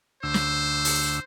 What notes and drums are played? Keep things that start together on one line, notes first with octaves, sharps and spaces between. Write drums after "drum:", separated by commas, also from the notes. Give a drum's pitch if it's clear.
D2 C5 E6
drum: snare
drum: open hi-hat